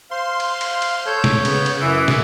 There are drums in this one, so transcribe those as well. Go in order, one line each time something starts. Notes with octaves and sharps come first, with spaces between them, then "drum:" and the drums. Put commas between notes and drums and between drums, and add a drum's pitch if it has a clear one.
C5 F5 C6
drum: cymbal
drum: cymbal
drum: cymbal
A4 C#5 G6
drum: snare
C#3 B3, drum: cymbal
drum: cymbal
F#2 E3 E4 D#6 D7
drum: snare